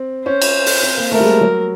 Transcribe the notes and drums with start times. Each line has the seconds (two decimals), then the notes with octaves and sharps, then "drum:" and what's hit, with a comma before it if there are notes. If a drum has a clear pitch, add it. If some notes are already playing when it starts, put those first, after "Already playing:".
Already playing: C4
0.26 C#4 C5
0.41 drum: cymbal
0.66 drum: open hi-hat
0.83 C4
0.97 A#3
1.12 A3 A#4
1.20 G3
1.26 G#3
1.41 F#3